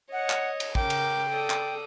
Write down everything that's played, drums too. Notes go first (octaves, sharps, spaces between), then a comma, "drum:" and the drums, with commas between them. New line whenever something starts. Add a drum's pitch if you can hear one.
C#5 D#5 F#5
drum: clap
drum: cymbal
C#3 A#4 G5 D6, drum: kick
drum: cymbal
A4 D5 D#6
drum: clap